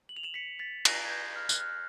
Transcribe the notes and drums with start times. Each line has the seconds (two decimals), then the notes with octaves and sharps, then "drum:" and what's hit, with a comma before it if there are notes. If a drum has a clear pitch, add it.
0.09 F#7
0.16 F7
0.23 E7 F#7
0.34 B6 C#7
0.59 A6 B6
0.85 A#6 C7, drum: cymbal
1.05 G#6
1.10 G6
1.36 F6
1.49 F#6, drum: tambourine
1.60 F6